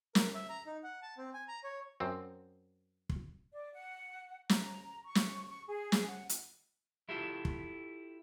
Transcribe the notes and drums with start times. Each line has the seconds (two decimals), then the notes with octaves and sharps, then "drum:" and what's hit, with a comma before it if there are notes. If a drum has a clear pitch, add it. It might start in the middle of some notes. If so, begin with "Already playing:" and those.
0.15 A#4, drum: snare
0.35 E5
0.49 A#5
0.66 D#4
0.84 F#5
1.02 A5
1.18 C4
1.34 G#5
1.48 A#5
1.64 C#5
2.00 F#2 C4
3.09 drum: kick
3.53 D5
3.73 F#5
4.49 A#5, drum: snare
5.04 C#6
5.15 drum: snare
5.48 C#6
5.67 G#4
5.92 drum: snare
6.07 F#5
6.29 drum: hi-hat
7.09 E4 F4 G4 A4
7.45 drum: kick